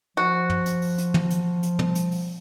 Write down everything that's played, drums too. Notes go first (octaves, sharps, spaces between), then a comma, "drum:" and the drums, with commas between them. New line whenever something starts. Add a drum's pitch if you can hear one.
F3 F#4
drum: tom
drum: hi-hat
drum: open hi-hat
drum: hi-hat
drum: tom
drum: hi-hat
drum: hi-hat
drum: tom
drum: hi-hat
drum: open hi-hat